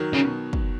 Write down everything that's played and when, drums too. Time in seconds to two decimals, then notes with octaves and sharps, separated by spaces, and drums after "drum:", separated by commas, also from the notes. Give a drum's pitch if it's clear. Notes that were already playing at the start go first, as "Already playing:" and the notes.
Already playing: D#3 F#3
0.13 C#3
0.24 B2
0.53 drum: kick